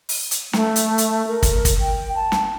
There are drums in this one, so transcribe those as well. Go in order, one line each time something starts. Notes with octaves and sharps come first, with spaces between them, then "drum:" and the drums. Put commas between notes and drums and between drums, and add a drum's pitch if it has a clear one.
drum: open hi-hat
drum: hi-hat
A3, drum: snare
drum: hi-hat
drum: hi-hat
A#4
drum: kick, hi-hat
drum: kick, hi-hat
G5
A5
drum: snare